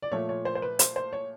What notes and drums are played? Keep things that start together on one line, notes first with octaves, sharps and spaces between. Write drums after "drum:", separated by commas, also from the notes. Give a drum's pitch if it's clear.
D5
A#2 F3 A3 C#5
C#5
C5
C5
B4
C5, drum: hi-hat
C5
C#5